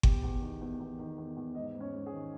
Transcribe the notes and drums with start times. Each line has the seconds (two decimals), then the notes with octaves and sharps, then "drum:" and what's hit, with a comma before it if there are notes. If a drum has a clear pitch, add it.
0.03 E2 G4 G5, drum: kick G1
0.23 E2
0.41 D#3
0.61 E2
0.80 E2
0.98 D#3
1.18 E2
1.37 E2
1.55 G#2 D#4 D#5
1.75 G#2
1.80 C#4 C#5
1.94 G#2
2.06 G#4
2.13 D#3